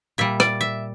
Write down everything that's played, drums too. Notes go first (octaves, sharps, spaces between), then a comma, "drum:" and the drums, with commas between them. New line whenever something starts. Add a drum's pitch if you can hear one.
A#2 G3 E5
D5, drum: rim click
E5